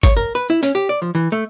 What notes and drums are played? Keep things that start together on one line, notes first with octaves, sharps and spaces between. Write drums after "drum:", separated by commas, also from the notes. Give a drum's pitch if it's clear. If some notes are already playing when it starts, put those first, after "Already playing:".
C#5, drum: kick, hi-hat
A#4
B4
E4
C#4, drum: hi-hat
G4
D5
F3
E3
A3